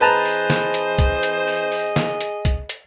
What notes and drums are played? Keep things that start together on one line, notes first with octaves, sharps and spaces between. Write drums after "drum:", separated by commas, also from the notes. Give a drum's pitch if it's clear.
E3 C4 G#4 B4 C5 D#5 A5 A#5
drum: open hi-hat
drum: snare
drum: hi-hat
drum: kick, hi-hat
drum: hi-hat
drum: open hi-hat
drum: open hi-hat
drum: snare
drum: hi-hat
drum: kick, hi-hat
drum: hi-hat